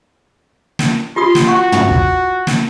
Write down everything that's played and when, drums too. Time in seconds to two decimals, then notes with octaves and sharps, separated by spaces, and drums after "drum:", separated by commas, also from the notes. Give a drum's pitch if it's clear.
0.79 drum: snare
1.16 F4 G4 C6 D#6
1.35 drum: snare
1.47 F#4 F#5 C#6
1.72 drum: tom
1.91 drum: kick
2.47 drum: snare